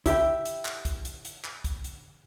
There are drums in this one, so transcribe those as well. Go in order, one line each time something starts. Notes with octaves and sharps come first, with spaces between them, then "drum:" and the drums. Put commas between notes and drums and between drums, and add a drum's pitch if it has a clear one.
E4 G4 E5 G5, drum: kick, hi-hat
drum: hi-hat
drum: clap
drum: kick, hi-hat
drum: hi-hat
drum: hi-hat
drum: clap
drum: kick, hi-hat
drum: hi-hat